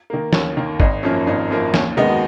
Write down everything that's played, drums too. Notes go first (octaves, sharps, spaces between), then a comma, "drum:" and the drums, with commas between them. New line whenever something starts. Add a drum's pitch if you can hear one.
D#3 A#3
D#2 C#4, drum: snare
D#3 A#3
G#1 D#4, drum: kick G#1
F#2 F3 A#3 C#4
G#1 D#4
F#2 F3 A#3
D#2 C#4, drum: snare
D#3 G#3 B3 D#4
F#4